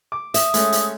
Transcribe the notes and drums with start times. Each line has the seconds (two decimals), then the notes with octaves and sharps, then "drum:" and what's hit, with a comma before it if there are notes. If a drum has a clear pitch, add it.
0.12 D6
0.34 E5 D#6, drum: hi-hat
0.54 G#3 A3 C#4, drum: hi-hat
0.72 drum: hi-hat